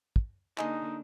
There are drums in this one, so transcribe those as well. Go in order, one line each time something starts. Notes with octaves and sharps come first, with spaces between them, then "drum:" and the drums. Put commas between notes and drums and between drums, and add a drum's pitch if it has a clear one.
drum: kick
D3 G#3 A#3 D4 D#4 G#4 D#5, drum: clap